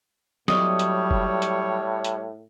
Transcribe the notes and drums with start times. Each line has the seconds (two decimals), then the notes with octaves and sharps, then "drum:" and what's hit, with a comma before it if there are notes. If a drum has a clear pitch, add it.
0.48 A2 F#3 G3 C#5 D#5 D#6, drum: snare
0.79 drum: hi-hat
1.11 drum: kick
1.42 drum: hi-hat
2.04 drum: hi-hat